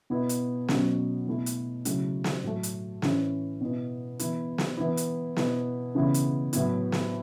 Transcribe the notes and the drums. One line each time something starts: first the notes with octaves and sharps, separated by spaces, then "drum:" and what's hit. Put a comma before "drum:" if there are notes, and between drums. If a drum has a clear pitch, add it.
B2 B3 E4
drum: hi-hat
B2 F#3 C#4, drum: snare
B2 A3 E4
drum: hi-hat
C#3 F#3 A3 E4, drum: hi-hat
drum: snare
A2 F#3 A3
drum: hi-hat
A2 E3 C#4 E4, drum: snare
B2 B3 E4
E3 B3 E4, drum: hi-hat
drum: snare
E3 B3 E4
drum: hi-hat
B2 B3 E4, drum: snare
C#3 E3 B3 E4
drum: hi-hat
A2 F#3 B3 E4, drum: hi-hat
drum: snare